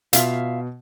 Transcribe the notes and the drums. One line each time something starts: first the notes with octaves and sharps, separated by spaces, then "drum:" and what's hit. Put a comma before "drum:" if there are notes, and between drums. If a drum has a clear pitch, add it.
B2 F4 E5 F5, drum: hi-hat